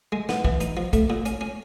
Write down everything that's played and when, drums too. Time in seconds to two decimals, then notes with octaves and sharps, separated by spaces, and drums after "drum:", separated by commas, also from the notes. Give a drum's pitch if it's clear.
0.12 G#3
0.29 B3, drum: snare
0.45 E3, drum: kick
0.61 D#4, drum: hi-hat
0.77 F3
0.93 A3, drum: kick, hi-hat
1.10 A#2
1.26 C#4, drum: hi-hat
1.41 C#4